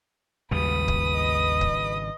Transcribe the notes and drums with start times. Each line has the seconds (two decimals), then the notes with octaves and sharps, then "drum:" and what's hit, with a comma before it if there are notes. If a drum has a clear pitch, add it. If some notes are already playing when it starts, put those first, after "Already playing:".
0.51 G#1 D#2 C#3 G3 B4 D#6
0.88 drum: kick C#1
1.16 D#5
1.61 drum: kick C#1